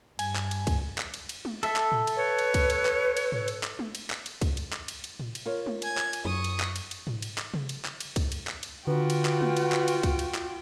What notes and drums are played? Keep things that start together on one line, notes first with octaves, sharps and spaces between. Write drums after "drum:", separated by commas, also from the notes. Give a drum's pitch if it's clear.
G2 G#5, drum: cymbal
drum: clap
drum: cymbal
drum: kick C2, cymbal
drum: clap
drum: cymbal
drum: cymbal
drum: tom G#3
A4 E5, drum: cymbal
drum: clap
drum: tom A2
drum: cymbal
B4 C#5
drum: cymbal
drum: kick C2, cymbal
drum: cymbal
drum: clap
drum: cymbal
drum: tom G#2
drum: cymbal
drum: clap
drum: tom G#3
drum: cymbal
drum: clap
drum: cymbal
drum: kick C2, cymbal
drum: cymbal
drum: clap
drum: cymbal
drum: cymbal
drum: tom A2
drum: cymbal
F4 A#4 C#5
drum: tom G#3
G#5 G#6, drum: cymbal
drum: clap
drum: cymbal
F#2 C#6 D#6
drum: cymbal
drum: clap
drum: cymbal
drum: cymbal
drum: tom G#2
drum: cymbal
drum: clap
drum: tom C3
drum: cymbal
drum: clap
drum: cymbal
drum: kick C2, cymbal
drum: cymbal
drum: clap
drum: cymbal
D3 F4 F#4 B4 G5
drum: cymbal
drum: clap
drum: tom G#3
drum: cymbal
drum: clap
drum: cymbal
drum: kick C2, cymbal
drum: cymbal
drum: clap